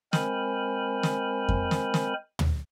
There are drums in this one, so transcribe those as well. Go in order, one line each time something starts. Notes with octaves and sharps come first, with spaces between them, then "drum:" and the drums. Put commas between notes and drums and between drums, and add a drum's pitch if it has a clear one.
G#3 C4 A#4 C5 G#5 B5, drum: snare
drum: snare
drum: kick F2
drum: snare
drum: snare
drum: tom